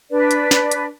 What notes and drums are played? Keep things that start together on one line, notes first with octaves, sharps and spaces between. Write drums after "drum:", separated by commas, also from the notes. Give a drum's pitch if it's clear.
D4 B4 D5
drum: hi-hat
drum: snare
drum: hi-hat